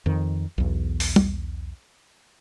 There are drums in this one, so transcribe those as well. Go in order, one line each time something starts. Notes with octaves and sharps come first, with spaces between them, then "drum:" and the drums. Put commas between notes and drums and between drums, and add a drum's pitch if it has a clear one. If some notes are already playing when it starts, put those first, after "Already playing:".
F2 D#3
B1 E2
drum: open hi-hat
drum: tom